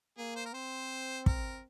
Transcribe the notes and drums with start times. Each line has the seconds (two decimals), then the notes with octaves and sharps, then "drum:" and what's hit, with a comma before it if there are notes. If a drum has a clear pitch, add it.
0.17 A#3 G#4
0.36 C5
0.45 A#4
0.53 C4 C5
1.26 A#4, drum: kick